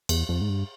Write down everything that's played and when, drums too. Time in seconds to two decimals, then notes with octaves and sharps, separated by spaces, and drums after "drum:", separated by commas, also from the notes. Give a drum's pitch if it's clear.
0.09 E2, drum: cymbal
0.29 F2
0.41 G#2
0.49 G2